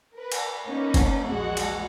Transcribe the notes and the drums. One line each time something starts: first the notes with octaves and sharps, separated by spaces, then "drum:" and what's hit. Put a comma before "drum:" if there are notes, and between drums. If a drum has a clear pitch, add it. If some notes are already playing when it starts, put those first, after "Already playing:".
A#4 B4
drum: cymbal
A#3 C#4 D#4 B4
drum: kick, cymbal
A#1 E2 G#3 F#4 F#5
drum: cymbal